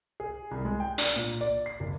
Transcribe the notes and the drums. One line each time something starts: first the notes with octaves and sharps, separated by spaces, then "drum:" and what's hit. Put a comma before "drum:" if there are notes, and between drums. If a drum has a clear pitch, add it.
G#4
C2
G#3
G5
D4, drum: open hi-hat
A#2
D5
C7
F#1